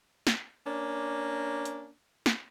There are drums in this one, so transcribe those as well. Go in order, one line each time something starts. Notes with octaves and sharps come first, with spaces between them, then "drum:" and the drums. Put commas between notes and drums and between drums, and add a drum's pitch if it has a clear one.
drum: snare
A#3 C#4 D4
drum: hi-hat
drum: snare